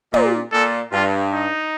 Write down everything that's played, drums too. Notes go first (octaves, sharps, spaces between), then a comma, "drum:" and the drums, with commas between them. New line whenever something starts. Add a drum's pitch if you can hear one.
A#2, drum: tom
A#2 A4
G2 F4
D#4